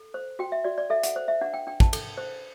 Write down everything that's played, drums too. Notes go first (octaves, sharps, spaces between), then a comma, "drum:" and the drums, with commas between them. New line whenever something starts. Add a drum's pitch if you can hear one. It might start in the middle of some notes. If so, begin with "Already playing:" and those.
Already playing: A4
C5
F#4 G5
E5
F#4 D5
D5
A4 E5
F#5, drum: hi-hat
C5
E5
D4 F#5
G5
D4 G5
A5, drum: kick
A4, drum: cymbal
C5